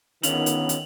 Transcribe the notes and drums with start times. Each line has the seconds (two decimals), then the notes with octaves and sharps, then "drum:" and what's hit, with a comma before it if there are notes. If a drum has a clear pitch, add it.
0.23 D3 D#3 B3 C#4 F4 F7 F#7, drum: hi-hat
0.46 drum: hi-hat
0.69 drum: hi-hat